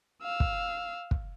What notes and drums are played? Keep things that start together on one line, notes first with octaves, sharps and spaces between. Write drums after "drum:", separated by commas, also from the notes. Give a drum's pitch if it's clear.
F5 E6
drum: kick
drum: kick